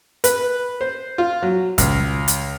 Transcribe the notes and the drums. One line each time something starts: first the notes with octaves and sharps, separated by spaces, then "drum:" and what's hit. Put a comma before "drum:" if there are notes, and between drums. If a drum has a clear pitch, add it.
B4, drum: hi-hat
C5
F4
F#3
C#2, drum: kick, hi-hat
drum: hi-hat